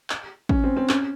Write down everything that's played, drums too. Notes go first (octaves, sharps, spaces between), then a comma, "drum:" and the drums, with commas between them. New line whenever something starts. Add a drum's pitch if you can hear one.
drum: clap
C#4, drum: kick
C4
C4
C#4, drum: clap